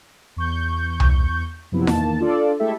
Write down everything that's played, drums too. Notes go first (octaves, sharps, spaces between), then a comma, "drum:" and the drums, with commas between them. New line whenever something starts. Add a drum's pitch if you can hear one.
E2 C#6 G6
drum: tom C2
F#2 C3 F3 B3 E4
E2 A#2 D#3 A#3 A5, drum: snare F4
D4 F4 A4 D5
G#3 A3 E4 G4 A4 E5